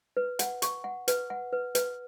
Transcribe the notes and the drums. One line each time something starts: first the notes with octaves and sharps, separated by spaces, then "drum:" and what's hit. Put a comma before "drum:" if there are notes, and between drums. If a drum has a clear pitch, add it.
B4
F#5, drum: hi-hat
C#6, drum: hi-hat
F#5
B4, drum: hi-hat
F#5
B4
B4, drum: hi-hat